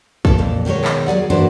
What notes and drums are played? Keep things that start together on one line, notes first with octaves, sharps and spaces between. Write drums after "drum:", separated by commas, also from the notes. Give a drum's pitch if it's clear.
E3 A4, drum: kick
F2 A#2
B2 D#3 F#3 G#3 C#5
drum: clap
F#3 G#4 D5 F#5
G2 E3 A#3 D4 F#4 C5